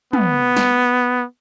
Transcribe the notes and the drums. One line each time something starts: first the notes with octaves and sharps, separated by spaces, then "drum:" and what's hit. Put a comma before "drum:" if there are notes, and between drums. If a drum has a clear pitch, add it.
B3, drum: tom
drum: snare